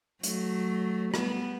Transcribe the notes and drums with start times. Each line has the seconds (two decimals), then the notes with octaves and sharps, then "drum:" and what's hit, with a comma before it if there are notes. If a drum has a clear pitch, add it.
0.23 F#3 A3, drum: hi-hat
1.14 G3 B3, drum: rim click